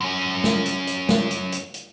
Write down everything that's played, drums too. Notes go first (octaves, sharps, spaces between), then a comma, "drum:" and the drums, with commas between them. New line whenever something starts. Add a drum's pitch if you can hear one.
F#2 C#4
drum: snare
drum: hi-hat
drum: hi-hat
drum: snare
drum: hi-hat
drum: hi-hat
drum: hi-hat